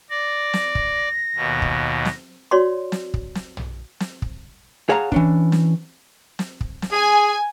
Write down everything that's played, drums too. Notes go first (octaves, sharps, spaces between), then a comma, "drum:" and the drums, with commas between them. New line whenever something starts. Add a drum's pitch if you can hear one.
D5 A#6
drum: snare
drum: kick
D#2 B2
drum: kick
drum: snare
F#4 C#5 D5 C6
drum: snare
drum: kick
drum: snare
drum: tom
drum: snare
drum: kick
G#4 C#5 F5 F#5 A5 A#5
E3 C#4 D4, drum: kick
drum: snare
drum: snare
drum: kick
drum: snare
G#4 G#5